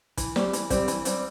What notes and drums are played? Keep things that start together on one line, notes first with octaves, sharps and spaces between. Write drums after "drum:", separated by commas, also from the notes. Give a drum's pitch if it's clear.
E3, drum: kick, hi-hat
G3 C4, drum: snare
E3, drum: hi-hat
G3 C4, drum: kick, hi-hat
E3, drum: hi-hat
G3 C4, drum: hi-hat